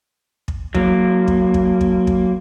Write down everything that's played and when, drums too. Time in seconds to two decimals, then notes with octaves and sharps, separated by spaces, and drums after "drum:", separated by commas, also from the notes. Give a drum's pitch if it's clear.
0.48 drum: kick
0.75 F#3 A#3, drum: kick
1.28 drum: kick
1.54 drum: kick
1.81 drum: kick
2.07 drum: kick